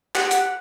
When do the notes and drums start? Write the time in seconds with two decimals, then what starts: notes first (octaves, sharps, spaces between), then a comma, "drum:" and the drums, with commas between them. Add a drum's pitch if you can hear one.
0.15 G4 F#5, drum: clap
0.31 drum: hi-hat